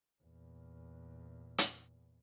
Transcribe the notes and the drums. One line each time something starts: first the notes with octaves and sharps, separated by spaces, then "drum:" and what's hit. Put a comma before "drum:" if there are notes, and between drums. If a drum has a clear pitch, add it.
E2 A#2
drum: hi-hat